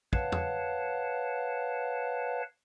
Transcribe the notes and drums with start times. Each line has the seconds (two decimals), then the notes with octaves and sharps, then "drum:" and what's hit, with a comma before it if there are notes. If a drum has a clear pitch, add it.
0.13 B4 C#5 F5 F#5 A5, drum: kick
0.32 drum: tom